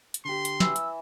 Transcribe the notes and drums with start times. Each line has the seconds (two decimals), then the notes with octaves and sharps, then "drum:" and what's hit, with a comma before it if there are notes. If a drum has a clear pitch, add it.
0.14 drum: hi-hat
0.25 D3 G4 C6
0.45 drum: hi-hat
0.60 E3 E6, drum: snare
0.76 drum: hi-hat